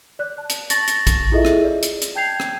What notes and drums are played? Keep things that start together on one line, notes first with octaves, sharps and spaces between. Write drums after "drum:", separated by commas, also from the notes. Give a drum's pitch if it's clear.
D5 F#6
A5
drum: hi-hat
A5 C#6 A6 A#6 F#7, drum: hi-hat
drum: hi-hat
drum: kick A#1, hi-hat
E4 F4 G#4 A4 D#5 E5
drum: rim click
D5
drum: hi-hat
drum: hi-hat
G5 A5 G6 G#6 C7 F7
drum: rim click